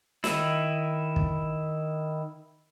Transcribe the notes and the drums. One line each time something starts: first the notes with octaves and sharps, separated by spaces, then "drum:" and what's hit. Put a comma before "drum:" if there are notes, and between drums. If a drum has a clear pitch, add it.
D#3 E4, drum: snare
drum: kick